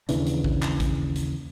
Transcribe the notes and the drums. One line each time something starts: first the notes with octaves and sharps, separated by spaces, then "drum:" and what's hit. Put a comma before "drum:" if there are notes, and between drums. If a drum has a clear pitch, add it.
D#2 C#3 E3 D4, drum: hi-hat
drum: hi-hat
drum: kick A1
drum: clap
drum: kick A1, hi-hat
drum: hi-hat